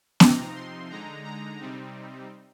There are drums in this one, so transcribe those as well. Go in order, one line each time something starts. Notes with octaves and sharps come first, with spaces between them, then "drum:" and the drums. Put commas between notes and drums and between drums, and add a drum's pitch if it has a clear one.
C3 F3 C4 D#4 A#5, drum: snare B3
C6
D3 G#3 D#4 A#5
A#5
C3 G3 C4 D#4